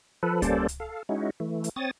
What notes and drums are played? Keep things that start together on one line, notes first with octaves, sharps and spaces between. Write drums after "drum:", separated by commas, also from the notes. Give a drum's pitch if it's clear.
F3 A4 B4
G3 A#3 C#4 A4 C5 D5, drum: kick C#2, hi-hat
drum: hi-hat
A4 F5
G#3 C#4 D#4 E4 F#4
E3 A3
drum: hi-hat
C4 C#5 D#6 A6